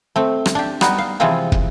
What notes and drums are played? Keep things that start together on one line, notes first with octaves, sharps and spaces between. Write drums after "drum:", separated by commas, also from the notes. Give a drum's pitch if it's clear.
A3 C4
drum: rim click
D4 G4
G3 B3 D#4 F#4 B4, drum: rim click
F5
C3 E3 F3 G#3 C4 F4
drum: kick